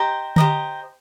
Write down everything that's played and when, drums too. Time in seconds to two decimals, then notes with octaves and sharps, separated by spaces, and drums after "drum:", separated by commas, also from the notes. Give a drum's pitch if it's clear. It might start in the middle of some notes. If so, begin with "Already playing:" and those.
Already playing: G4 C5 D#5 A#5
0.36 G4 C5 D#5 A#5, drum: tom D3